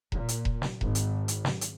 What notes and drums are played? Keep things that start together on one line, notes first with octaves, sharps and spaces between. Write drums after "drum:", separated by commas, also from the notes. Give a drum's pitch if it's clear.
A#2, drum: kick E1
drum: hi-hat
drum: kick E1
drum: snare
G#1, drum: kick E1
drum: hi-hat
drum: hi-hat
drum: snare
drum: hi-hat